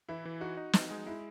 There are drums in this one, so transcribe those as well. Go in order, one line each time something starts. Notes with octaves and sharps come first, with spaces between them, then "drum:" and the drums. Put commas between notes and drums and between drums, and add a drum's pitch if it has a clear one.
E3 E4
E3
D#4 F#4
D#4
D#4, drum: snare
G#3
G#3 E4